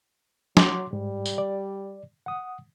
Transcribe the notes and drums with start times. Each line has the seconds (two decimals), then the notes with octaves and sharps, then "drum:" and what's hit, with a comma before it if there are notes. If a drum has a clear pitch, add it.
0.57 F#3 C6 D6, drum: snare
0.93 G#2 G3
1.26 drum: tambourine
1.38 D5
2.26 F#5 D#6